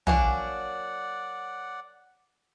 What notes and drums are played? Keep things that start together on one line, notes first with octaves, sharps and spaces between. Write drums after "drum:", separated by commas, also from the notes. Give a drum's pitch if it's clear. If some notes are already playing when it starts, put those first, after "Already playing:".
F#3 A#3 D4 D5 F#5 G#5, drum: tom